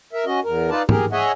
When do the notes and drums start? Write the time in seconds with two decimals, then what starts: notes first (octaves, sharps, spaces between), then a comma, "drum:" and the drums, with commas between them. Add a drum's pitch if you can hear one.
0.13 A#4 E5
0.26 C#4 F#4 D#5
0.44 E2 A#4
0.70 D#4 F4 B4 D5 A5
0.89 G4 G#4 A#4, drum: tom
1.12 G#4 C#5 D#5 E5 F#5 G#5